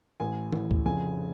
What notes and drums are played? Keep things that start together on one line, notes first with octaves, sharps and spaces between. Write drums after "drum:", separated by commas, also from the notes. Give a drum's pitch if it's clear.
A1 A2 G#5
A1 A2, drum: tom D#3
drum: kick
F1 F2 C#3 G#5